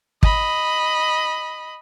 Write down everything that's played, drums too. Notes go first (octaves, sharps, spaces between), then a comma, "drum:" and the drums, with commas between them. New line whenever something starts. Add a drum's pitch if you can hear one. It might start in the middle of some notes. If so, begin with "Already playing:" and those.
D#5 B5, drum: kick